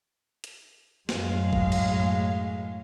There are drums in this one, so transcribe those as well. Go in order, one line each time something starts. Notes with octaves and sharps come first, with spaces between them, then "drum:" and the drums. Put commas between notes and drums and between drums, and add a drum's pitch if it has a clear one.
drum: hi-hat
F#2 A2 G#3 F5, drum: snare
drum: kick A1
drum: cymbal